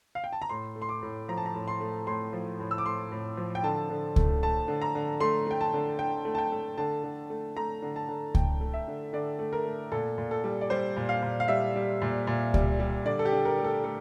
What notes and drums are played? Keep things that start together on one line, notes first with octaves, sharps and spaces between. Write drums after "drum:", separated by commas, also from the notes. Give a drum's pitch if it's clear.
F5
G5
A5
A#5
A2 C6
A3
C6
D6
A2
F3 A#5
A5
A#5
A2
C6
A3
A2 C6
F3
A2
E6
D6
A3 C6
A2
F3
G5
D3 A5
D3
A3, drum: kick C#2
A3 A5
D3
A#5
D3
A3 C6
A3 G5
A5
D3
D3 G5
A3
A5
G5
A3
D3 A5
D3
A3
A3 A#5
D3
A5
D3
A3 G5, drum: kick C#2
A3
E5
D3
D3 D5
A3
A#4
A3
A#2 A4
A#2
A4
G3
D5
G3 C5
A#2
F5
A#2
F5
G3 E5
G3
A#2
A#2
G3, drum: kick C#2
G3
D3 D5
A4
G4
D3
A#4
A3
A4
A3 A4